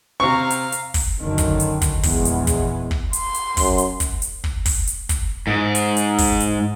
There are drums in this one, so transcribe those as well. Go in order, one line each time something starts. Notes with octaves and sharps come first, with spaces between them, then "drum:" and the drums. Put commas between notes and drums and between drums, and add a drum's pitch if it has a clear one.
C3 C4 F5 A#5 C#6
drum: hi-hat
drum: hi-hat
drum: kick, open hi-hat
F#2 D3 D#3
drum: kick, hi-hat
drum: hi-hat
drum: kick, hi-hat
A#1 E2 G#3 B3, drum: kick, open hi-hat
drum: hi-hat
drum: kick, hi-hat
drum: kick
C6, drum: hi-hat
drum: hi-hat
F#2, drum: kick, open hi-hat
drum: hi-hat
drum: kick, hi-hat
drum: hi-hat
drum: kick
drum: kick, open hi-hat
drum: hi-hat
drum: kick, hi-hat
G#2
drum: hi-hat
drum: hi-hat
drum: kick, open hi-hat
drum: hi-hat